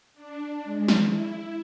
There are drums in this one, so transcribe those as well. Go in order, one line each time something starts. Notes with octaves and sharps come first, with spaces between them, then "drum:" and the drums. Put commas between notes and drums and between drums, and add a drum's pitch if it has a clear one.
D4
G#3
drum: snare
E4